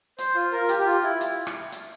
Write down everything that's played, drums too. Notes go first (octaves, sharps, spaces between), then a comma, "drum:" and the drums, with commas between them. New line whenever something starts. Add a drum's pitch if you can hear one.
C5, drum: hi-hat
F4
A#4
F4
G4, drum: hi-hat
G4
F4
E4
drum: hi-hat
drum: rim click
drum: hi-hat